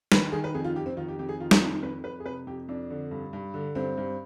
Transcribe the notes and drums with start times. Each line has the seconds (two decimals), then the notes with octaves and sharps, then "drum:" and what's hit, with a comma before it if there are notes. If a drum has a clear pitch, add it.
0.12 D#3 B4, drum: snare
0.32 D#3 G#4
0.44 B4
0.54 F2 G#4
0.64 F4
0.75 F2 G4
0.86 C4
0.97 D#3 F4
1.08 G4
1.19 F2 G4
1.29 G#4
1.40 D#3 F4
1.51 F4, drum: snare
1.61 F2 D#4
1.82 F2 B4
2.04 F2 B4
2.20 G#4
2.25 C3 B4
2.47 F2 G4
2.69 F2 D4
2.90 D3
3.11 G2
3.33 G2
3.54 D3
3.75 G2 C4
3.98 G2